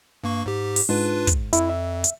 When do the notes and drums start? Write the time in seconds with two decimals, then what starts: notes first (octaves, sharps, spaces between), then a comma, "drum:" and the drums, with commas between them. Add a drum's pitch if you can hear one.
0.24 G2 A#3 C#6
0.46 G#2 G4
0.76 drum: open hi-hat
0.89 G#2 D4 F4 B4
1.27 drum: kick, hi-hat
1.53 F2 E4, drum: hi-hat
1.69 E5
2.04 drum: hi-hat